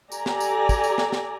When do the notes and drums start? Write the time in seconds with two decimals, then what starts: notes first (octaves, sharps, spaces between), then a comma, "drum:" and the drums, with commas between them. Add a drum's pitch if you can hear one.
0.12 G4 A4 D5 G#5 A#5, drum: tambourine
0.26 drum: snare
0.40 drum: tambourine
0.69 drum: kick, tambourine
0.84 drum: tambourine
0.98 drum: snare
1.12 drum: snare